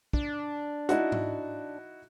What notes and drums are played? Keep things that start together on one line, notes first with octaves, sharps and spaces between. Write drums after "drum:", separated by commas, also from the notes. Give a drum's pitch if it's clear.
D4, drum: kick
D#4 E4 F#4, drum: hi-hat
drum: tom G#2